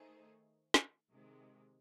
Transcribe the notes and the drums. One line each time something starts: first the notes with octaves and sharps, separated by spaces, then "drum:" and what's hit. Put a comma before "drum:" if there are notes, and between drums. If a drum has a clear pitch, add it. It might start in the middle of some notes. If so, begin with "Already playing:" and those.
Already playing: D#3 A3 D#4 G#4 C5
drum: snare
C3 D#3 G#3